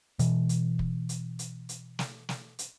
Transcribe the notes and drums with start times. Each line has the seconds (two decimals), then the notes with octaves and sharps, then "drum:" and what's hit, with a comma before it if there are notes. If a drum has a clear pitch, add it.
0.19 B2 E3, drum: hi-hat
0.49 drum: hi-hat
0.79 drum: kick
1.09 drum: hi-hat
1.39 drum: hi-hat
1.69 drum: hi-hat
1.99 drum: snare
2.29 drum: snare
2.59 drum: hi-hat